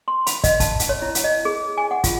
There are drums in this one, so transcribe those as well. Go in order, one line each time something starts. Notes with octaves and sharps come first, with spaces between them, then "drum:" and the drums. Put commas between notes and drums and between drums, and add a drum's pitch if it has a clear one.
C6
B5, drum: hi-hat
D#5, drum: kick, hi-hat
A5, drum: kick, hi-hat
drum: hi-hat
C#5
E4
drum: hi-hat
D#5
G#4
G#5
F#5
F4, drum: kick, hi-hat